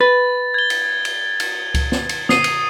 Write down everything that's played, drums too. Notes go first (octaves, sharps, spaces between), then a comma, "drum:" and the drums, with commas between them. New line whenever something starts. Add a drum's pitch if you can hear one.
B4 A6
G#6 G7
drum: cymbal
drum: cymbal
drum: cymbal
drum: kick C#2, cymbal
drum: snare
drum: cymbal
D#6 C7 D#7, drum: snare
drum: cymbal